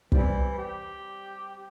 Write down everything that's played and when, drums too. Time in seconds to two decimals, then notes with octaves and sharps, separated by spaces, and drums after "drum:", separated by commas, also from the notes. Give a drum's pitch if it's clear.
0.12 E3 G3 C4 D5, drum: kick
0.58 G4